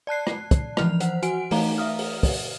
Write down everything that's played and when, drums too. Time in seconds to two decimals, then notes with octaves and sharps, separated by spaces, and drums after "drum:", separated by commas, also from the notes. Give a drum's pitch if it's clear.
0.07 D5 A5 F#6 C7
0.27 drum: rim click
0.51 drum: kick, hi-hat
0.77 E3 F3 F6 F7, drum: rim click
1.00 C5 F#5, drum: hi-hat
1.23 F#4 F#5 G#5 D7, drum: hi-hat
1.51 E3 A3 D#4 F5 A#5 G7, drum: open hi-hat
1.78 E5 F5 D#6 F6
1.99 drum: open hi-hat
2.23 drum: kick, open hi-hat